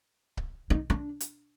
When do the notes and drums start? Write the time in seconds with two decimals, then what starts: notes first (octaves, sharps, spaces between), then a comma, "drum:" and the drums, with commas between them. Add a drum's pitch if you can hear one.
0.37 drum: kick C#1
0.70 D#4
0.90 D4
1.20 drum: hi-hat